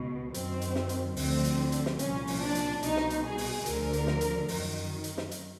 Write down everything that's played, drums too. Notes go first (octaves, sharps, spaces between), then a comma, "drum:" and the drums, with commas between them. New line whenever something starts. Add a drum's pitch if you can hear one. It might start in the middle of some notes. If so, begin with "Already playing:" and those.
Already playing: C#2 B2
F#2 D#3 C4, drum: hi-hat
drum: hi-hat
drum: snare
drum: hi-hat
D2 D3 F3 C4, drum: open hi-hat
drum: hi-hat
drum: hi-hat
drum: snare
C2 A#2 F3 C#4, drum: hi-hat
drum: open hi-hat
D4
drum: hi-hat
C2 B2 D#4, drum: hi-hat
drum: snare
drum: hi-hat
G#4
drum: open hi-hat
D2 D3 F3 A#4, drum: hi-hat
drum: hi-hat
drum: snare
drum: hi-hat
F#2 D#3, drum: open hi-hat
drum: hi-hat
drum: snare
drum: hi-hat